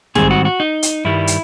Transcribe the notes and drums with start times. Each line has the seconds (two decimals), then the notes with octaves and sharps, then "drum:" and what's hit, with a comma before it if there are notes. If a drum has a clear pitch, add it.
0.15 G#2 D#3 G3 C4 G#4, drum: snare
0.31 F#4
0.45 F#4
0.60 D#4
0.83 drum: hi-hat
1.05 G2 D#3 G3 E4
1.27 drum: hi-hat